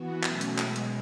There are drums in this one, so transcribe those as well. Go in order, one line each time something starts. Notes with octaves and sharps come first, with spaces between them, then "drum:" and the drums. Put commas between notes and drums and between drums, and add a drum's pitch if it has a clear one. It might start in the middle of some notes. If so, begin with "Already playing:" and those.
Already playing: E3 B3 F#4
B2 F#3 A3 C#4, drum: clap
drum: hi-hat
B2 G#3 B3, drum: clap
drum: hi-hat